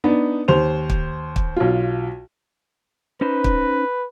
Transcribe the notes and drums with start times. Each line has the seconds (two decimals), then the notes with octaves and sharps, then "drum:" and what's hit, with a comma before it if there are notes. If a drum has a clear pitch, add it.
0.04 B3 D4 D#4
0.48 D#2 C5 F7
0.90 drum: kick
1.36 drum: kick
1.56 B1 F4
3.21 C#4 D#4 B4 C5
3.44 drum: kick